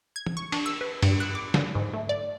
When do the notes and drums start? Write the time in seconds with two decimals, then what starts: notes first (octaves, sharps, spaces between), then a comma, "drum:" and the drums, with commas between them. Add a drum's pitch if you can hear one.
0.16 G#6
0.26 drum: tom
0.37 C#6
0.52 D4, drum: cymbal
0.66 E6
0.81 B4
1.02 G2, drum: cymbal
1.20 F#6
1.35 D6
1.54 D3, drum: snare
1.75 G#2
1.94 A3
2.09 D5